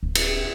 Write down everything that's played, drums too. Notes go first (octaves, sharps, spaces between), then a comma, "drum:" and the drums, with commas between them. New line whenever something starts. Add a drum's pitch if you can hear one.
D1
drum: cymbal